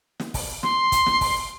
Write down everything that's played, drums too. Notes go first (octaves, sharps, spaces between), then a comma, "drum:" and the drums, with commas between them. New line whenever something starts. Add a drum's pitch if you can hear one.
drum: snare
drum: kick, open hi-hat
C6, drum: snare
drum: kick, hi-hat
drum: snare
drum: kick, open hi-hat